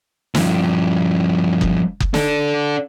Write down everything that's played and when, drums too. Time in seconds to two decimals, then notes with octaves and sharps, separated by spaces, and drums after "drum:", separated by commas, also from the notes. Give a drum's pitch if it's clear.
0.35 G2 F3, drum: snare
1.61 drum: kick F#1
2.00 drum: kick F#1
2.14 D4 A4, drum: snare